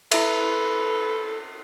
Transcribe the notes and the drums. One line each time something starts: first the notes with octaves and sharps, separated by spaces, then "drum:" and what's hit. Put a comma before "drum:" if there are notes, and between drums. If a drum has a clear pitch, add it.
E4 A4 B4 E5, drum: cymbal